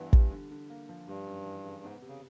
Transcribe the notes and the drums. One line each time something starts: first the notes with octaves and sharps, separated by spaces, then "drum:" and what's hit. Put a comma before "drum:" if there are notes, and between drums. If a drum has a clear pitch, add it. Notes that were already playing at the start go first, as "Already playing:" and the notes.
Already playing: G2 E3 B3 E4
G3, drum: kick
D3
D3
A#3
F3
G2 G3
F#2
E3
C#3
G#2 B3
C3
C#3